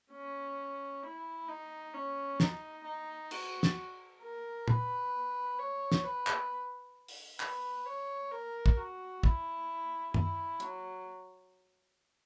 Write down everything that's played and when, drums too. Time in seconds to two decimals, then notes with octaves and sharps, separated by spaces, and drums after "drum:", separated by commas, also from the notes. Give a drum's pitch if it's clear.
0.11 C#4
1.03 E4
1.48 D#4
1.94 C#4
2.40 D#4, drum: snare
2.85 D#4
3.31 F#4, drum: cymbal
3.63 drum: snare
4.21 A#4
4.68 B4, drum: tom
5.59 C#5
5.92 drum: snare
6.04 B4
6.27 drum: clap
7.08 drum: open hi-hat
7.40 B4, drum: clap
7.86 C#5
8.31 A#4
8.66 drum: kick
8.77 F#4
9.23 E4, drum: kick
10.14 E4, drum: tom F#2
10.60 F#3, drum: hi-hat